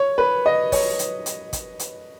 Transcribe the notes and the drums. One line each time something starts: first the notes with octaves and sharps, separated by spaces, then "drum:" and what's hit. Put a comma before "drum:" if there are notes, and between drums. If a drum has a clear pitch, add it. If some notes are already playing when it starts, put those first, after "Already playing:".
Already playing: C#5
B4
D#5
C#5, drum: kick, open hi-hat
drum: hi-hat
drum: hi-hat
drum: kick, hi-hat
drum: hi-hat